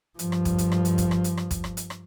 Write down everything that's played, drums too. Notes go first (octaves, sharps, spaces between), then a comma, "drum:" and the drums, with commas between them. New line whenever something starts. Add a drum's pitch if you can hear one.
G2 F3, drum: hi-hat
drum: rim click
drum: kick, hi-hat
drum: hi-hat
drum: rim click
drum: hi-hat
drum: kick, hi-hat
drum: rim click
drum: hi-hat
drum: rim click
drum: kick, hi-hat
drum: rim click
drum: hi-hat
drum: rim click